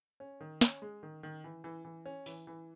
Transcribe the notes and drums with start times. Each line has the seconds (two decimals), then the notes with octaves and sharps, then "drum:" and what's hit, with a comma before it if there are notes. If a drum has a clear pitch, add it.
0.20 C#4
0.41 D#3
0.61 C#4, drum: snare
0.82 G#3
1.03 D#3
1.23 D#3
1.44 E3
1.64 E3
1.85 E3
2.06 C#4
2.26 E3, drum: open hi-hat
2.47 E3